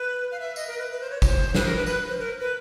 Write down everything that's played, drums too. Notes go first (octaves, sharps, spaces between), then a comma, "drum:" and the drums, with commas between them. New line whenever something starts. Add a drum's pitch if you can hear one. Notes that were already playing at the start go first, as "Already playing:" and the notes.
Already playing: B4
F5
E5
D#5, drum: tambourine
A#4
B4
B4
C5
C#5
C5, drum: kick, tambourine
B4, drum: snare
A#4
B4
B4, drum: tambourine
C5
A#4
B4